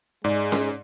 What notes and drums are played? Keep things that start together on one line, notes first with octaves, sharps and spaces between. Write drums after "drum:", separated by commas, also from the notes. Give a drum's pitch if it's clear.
G#2 G#3 D5
drum: snare C#4